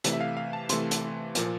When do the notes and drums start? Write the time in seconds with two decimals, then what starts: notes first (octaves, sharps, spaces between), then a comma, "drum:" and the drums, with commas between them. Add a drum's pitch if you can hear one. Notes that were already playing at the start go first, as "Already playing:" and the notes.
0.04 C3 E3 A3, drum: hi-hat
0.13 E5
0.21 F5
0.37 F5
0.53 A5
0.69 C3 E3 A3 C6, drum: hi-hat
0.91 drum: hi-hat
1.35 A#2 F3 A#3, drum: hi-hat